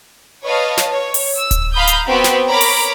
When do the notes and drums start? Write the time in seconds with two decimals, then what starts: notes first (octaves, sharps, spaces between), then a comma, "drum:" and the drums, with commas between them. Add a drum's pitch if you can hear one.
0.45 B4 C#5 D#5 F5 A5
0.77 drum: snare
0.90 C#5
1.14 drum: open hi-hat
1.37 E6
1.51 drum: kick D1, hi-hat
1.73 F5 A#5 B5 D#6 G6
1.87 drum: hi-hat
2.06 B3 C4 F#4 G5 B5
2.24 drum: snare
2.48 A#4 C#5 A#5 B5 D6
2.61 drum: open hi-hat